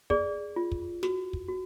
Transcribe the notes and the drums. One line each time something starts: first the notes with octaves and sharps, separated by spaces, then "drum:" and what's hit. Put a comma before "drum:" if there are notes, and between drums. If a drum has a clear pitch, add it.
G#4 D5, drum: kick
F4
drum: kick
F#4, drum: snare
drum: kick
F#4